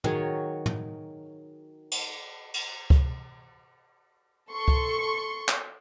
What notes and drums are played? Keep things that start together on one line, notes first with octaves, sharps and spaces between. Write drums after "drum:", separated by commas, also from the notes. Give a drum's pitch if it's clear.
D#3 F#3 G#4 C#5, drum: tom
drum: tom
drum: cymbal
drum: cymbal
drum: kick C#2
A4 C6 C#6
drum: kick C#2
drum: clap